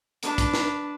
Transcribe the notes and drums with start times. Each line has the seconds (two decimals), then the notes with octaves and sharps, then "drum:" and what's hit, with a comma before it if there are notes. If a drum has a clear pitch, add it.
0.23 D4 B4, drum: hi-hat
0.38 drum: kick, hi-hat
0.54 drum: snare